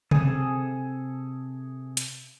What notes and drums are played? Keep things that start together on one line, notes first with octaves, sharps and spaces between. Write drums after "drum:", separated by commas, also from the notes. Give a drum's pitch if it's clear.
C3 G#4 A4 G#5, drum: tom C3
drum: hi-hat